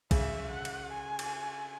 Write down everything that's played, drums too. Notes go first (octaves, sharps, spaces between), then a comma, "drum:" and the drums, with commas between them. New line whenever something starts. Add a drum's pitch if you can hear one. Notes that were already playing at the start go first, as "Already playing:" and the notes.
C#3 E5, drum: kick, cymbal
F#5
drum: cymbal
G#5
drum: cymbal